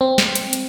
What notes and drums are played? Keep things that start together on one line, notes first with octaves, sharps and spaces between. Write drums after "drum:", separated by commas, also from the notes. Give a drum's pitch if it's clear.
C4
drum: snare
drum: hi-hat
drum: hi-hat